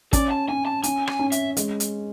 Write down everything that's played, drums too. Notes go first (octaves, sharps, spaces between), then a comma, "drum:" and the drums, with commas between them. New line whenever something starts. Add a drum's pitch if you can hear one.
C#4 D5, drum: kick, hi-hat
A5
C#4 G#5
A5
C#4 G#5, drum: hi-hat
G#5, drum: rim click
C#4
E5, drum: hi-hat
G#3, drum: hi-hat
drum: hi-hat